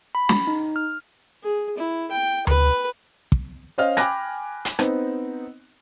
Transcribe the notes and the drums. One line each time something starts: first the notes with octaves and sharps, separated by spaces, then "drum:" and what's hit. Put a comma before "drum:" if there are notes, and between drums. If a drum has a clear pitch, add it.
B5
drum: snare
D#4
F6
G#4
E4
G5
B4, drum: tom D2
drum: kick
C#4 C5 D#5 F5 F6
G5 G#5 B5 D6 F#6 A#6, drum: rim click
drum: hi-hat
B3 C4 D#4, drum: rim click